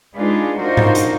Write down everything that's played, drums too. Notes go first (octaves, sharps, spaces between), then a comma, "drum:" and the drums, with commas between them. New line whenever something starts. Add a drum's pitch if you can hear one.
G#3 D4 D#4 F4 G#4 B4
D4 D#4 F4 F#4 A#4 C5
drum: tom G#2
drum: hi-hat